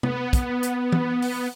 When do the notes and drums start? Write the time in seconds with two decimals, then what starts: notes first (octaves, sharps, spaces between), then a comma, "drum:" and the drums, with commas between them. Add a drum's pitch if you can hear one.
0.03 B3, drum: tom C3
0.33 drum: kick, hi-hat
0.63 drum: hi-hat
0.92 drum: tom
1.22 drum: open hi-hat